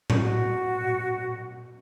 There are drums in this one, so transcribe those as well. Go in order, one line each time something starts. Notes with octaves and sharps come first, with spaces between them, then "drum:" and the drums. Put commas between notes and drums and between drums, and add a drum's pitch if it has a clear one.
drum: tom A2
F#4 F#5